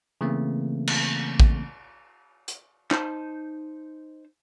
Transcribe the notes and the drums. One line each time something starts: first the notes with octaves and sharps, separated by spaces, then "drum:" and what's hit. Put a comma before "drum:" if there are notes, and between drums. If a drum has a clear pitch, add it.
C#3 E3 A3 A#3 C4
drum: cymbal
drum: kick A1
drum: hi-hat
D#4 C5 A5, drum: clap